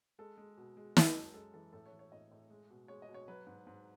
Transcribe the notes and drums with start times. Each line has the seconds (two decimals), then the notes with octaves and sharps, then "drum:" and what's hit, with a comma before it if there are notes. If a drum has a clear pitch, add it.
0.19 G#3 A4
0.37 G#3
0.58 B2
0.77 G#3
0.97 G#3, drum: snare
1.15 F#2
1.34 G#3 A4
1.54 E3 A4
1.73 A2 A4
1.86 C#5
1.92 E3
1.99 C#5
2.12 A2 D#5
2.31 A2
2.50 G#3
2.70 B2
2.88 G#3 C#5
3.02 D#5
3.09 B2
3.14 C#5
3.28 F#3 B4
3.47 G#2
3.67 G#2